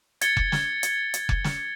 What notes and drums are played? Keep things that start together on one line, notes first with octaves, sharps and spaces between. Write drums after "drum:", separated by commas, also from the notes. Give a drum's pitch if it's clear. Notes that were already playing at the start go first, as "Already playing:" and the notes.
G#6 A6 C#7 G7, drum: hi-hat
drum: kick F1
drum: snare
drum: hi-hat
drum: hi-hat
drum: kick F1
drum: snare